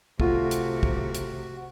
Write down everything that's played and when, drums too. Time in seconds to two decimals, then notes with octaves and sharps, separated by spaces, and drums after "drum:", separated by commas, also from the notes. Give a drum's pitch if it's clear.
0.20 C3 A3 F4 F#4, drum: kick
0.51 drum: hi-hat
0.83 drum: kick
1.15 drum: hi-hat